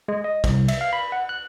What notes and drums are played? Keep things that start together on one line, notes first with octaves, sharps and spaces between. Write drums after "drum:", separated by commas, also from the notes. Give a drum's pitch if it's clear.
G#3
D#5
C2, drum: kick, cymbal
E5, drum: cymbal
F5
B5
F#5
F#6